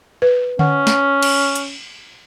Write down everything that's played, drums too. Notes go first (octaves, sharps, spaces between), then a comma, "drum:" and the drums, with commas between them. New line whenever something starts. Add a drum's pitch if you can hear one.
B4
C#4 F#5, drum: tom D3
drum: snare
drum: cymbal
drum: hi-hat